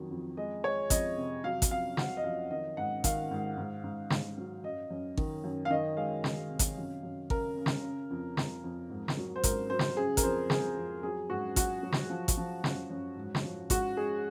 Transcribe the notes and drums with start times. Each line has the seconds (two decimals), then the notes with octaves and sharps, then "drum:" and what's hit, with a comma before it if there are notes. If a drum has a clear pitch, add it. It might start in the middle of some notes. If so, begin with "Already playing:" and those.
Already playing: F2 D#3 F#3
0.11 F2
0.37 G#3 D#5
0.64 G#3 C#5
0.90 F2 D#5, drum: kick G#1, hi-hat
1.17 C3
1.44 F#3 F5
1.62 drum: kick G#1, hi-hat
1.71 F2 F5
1.97 F#3 F#5, drum: snare
2.17 D#5
2.24 F2 F5
2.51 D#3 D#5
2.77 G#2 F#5
3.04 D#3 F5, drum: kick G#1, hi-hat
3.31 G#2
3.57 G#2
3.84 G#2
4.10 G#2, drum: snare
4.38 F#3
4.64 F#2 D#5
4.91 F#2
5.17 D#3, drum: kick G#1
5.44 F#2
5.65 F5
5.70 D#3 D#5
5.97 G#3 F5
6.24 D#3, drum: snare
6.50 C3
6.59 drum: kick G#1, hi-hat
6.77 F#2
7.03 F#2
7.30 C#3 A#4, drum: kick G#1
7.57 C#3
7.66 drum: snare
7.83 C#3
8.10 F2
8.37 F2, drum: snare
8.64 F2
8.90 G#2
9.08 drum: snare
9.17 F#3
9.36 C5
9.44 G#2 A#4, drum: kick G#1, hi-hat
9.70 F#3 C5
9.79 drum: snare
9.97 C#3 G#4
10.17 A#4, drum: kick G#1, hi-hat
10.23 F2 C5
10.50 F2 G#4, drum: snare
10.77 F2
11.03 F#3 G#4
11.30 G#2 F#4
11.56 F#3 F#4, drum: kick G#1, hi-hat
11.83 F#3
11.92 drum: snare
12.10 F3
12.28 drum: kick G#1, hi-hat
12.37 F3
12.64 F#2, drum: snare
12.90 F#2
13.17 G#2
13.35 drum: snare
13.44 F3
13.70 G#2 F#4, drum: kick G#1, hi-hat
13.97 G#3 G#4